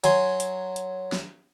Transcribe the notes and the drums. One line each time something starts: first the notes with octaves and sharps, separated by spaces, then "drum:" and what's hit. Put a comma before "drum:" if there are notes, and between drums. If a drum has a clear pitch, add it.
F#3 G#5 C6, drum: hi-hat
drum: hi-hat
drum: hi-hat
drum: snare